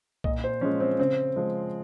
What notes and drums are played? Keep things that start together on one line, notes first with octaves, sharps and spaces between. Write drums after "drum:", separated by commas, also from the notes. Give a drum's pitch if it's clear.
A#2 D#5, drum: kick B1
C5
F3 G#3 C#4
C4
C#3 C4
F3 G#3